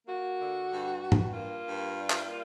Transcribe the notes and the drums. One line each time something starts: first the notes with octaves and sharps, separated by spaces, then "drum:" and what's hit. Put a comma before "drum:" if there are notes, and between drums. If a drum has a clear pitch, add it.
A#3 F#4
D3
G2
G2
drum: tom G#2
A#3 F4
G2
G3
drum: clap
A#3